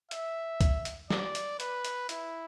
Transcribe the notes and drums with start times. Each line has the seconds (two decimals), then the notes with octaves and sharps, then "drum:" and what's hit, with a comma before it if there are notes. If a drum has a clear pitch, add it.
0.11 E5, drum: hi-hat
0.61 drum: kick, hi-hat
0.85 drum: hi-hat
1.10 D5, drum: snare
1.35 drum: hi-hat
1.60 B4, drum: hi-hat
1.85 drum: hi-hat
2.09 E4, drum: hi-hat